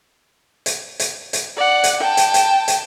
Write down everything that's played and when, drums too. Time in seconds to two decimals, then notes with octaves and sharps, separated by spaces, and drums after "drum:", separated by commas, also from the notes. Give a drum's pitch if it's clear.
0.66 drum: hi-hat
1.00 drum: hi-hat
1.33 drum: hi-hat
1.57 D5 F#5
1.84 drum: hi-hat
2.00 G5 A5
2.17 drum: hi-hat
2.34 drum: hi-hat
2.68 drum: hi-hat